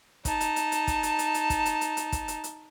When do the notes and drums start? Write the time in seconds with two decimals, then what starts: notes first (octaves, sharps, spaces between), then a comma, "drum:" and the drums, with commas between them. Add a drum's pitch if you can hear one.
0.25 D#4 A5, drum: kick, hi-hat
0.41 drum: hi-hat
0.56 drum: hi-hat
0.72 drum: hi-hat
0.87 drum: kick, hi-hat
1.03 drum: hi-hat
1.19 drum: hi-hat
1.34 drum: hi-hat
1.50 drum: kick, hi-hat
1.66 drum: hi-hat
1.81 drum: hi-hat
1.97 drum: hi-hat
2.12 drum: kick, hi-hat
2.28 drum: hi-hat
2.44 drum: hi-hat